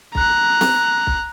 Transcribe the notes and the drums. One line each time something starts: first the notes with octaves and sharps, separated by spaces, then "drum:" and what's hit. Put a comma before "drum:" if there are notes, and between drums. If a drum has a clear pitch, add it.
A#5 F#6, drum: kick B1
drum: snare C4
drum: kick B1